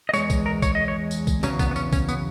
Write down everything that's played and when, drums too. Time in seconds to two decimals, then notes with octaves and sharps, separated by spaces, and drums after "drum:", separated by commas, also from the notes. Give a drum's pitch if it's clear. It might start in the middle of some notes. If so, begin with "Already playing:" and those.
0.09 D#5
0.13 E2 C#3 G#3 C#5, drum: tambourine
0.30 drum: kick, tambourine
0.46 A#4
0.62 C#5, drum: kick, tambourine
0.75 D#5
0.88 C#5
1.11 drum: tambourine
1.27 drum: kick, tambourine
1.43 E2 C#3 F#3 C#4, drum: tambourine
1.59 B3, drum: kick, tambourine
1.71 B3
1.76 C#4, drum: tambourine
1.93 C#4, drum: kick, tambourine
2.09 B3, drum: tambourine